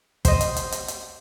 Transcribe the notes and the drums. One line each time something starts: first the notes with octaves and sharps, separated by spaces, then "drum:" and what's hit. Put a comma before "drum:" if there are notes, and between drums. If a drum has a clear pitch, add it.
C5 D#5, drum: kick, hi-hat
drum: hi-hat
drum: hi-hat
drum: hi-hat
drum: hi-hat